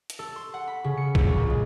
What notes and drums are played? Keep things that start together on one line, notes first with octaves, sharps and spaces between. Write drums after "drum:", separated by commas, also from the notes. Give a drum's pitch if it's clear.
drum: hi-hat
A4
C6
F#5
B5
C#3
C#7
C#2, drum: kick
A#2
G#3